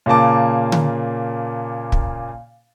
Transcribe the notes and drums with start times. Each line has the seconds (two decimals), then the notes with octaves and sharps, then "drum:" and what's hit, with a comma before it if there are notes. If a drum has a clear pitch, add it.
0.06 A#2 C#3 A#3 A5 D6
0.72 drum: tom D3
1.92 drum: kick